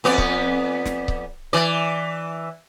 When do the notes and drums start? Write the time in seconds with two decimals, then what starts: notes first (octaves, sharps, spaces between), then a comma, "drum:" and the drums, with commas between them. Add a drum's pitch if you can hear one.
0.04 F2 B3 D5
0.18 drum: kick C#1
0.86 drum: snare
1.08 drum: kick C#1
1.53 E3 D5